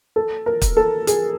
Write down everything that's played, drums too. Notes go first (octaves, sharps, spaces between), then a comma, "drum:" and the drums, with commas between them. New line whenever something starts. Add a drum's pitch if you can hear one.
A4
A#4
drum: kick, hi-hat
A4
G#4, drum: hi-hat